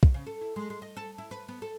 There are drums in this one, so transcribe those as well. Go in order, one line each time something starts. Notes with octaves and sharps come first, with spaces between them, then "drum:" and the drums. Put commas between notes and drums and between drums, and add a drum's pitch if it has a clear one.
drum: kick
C#3
A4
E4
G#3
G#3
D#5
A4
E4
B4
B3
A4